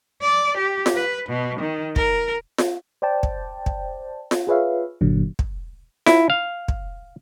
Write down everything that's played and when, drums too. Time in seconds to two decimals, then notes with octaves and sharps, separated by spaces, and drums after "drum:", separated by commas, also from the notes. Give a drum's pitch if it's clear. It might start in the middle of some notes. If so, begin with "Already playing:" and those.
0.21 D5
0.57 G4
0.86 drum: snare F4
0.95 B4
1.29 B2
1.59 D#3
1.96 A#4, drum: kick
2.58 drum: snare F4
3.02 C5 D5 G5 A5
3.23 drum: kick
3.66 drum: kick
4.31 drum: snare F4
4.47 F4 G#4 B4 C#5 E5 F5
5.01 G1 A#2 D3 F#3
5.39 drum: kick
6.06 E4, drum: snare F4
6.30 F5
6.68 drum: kick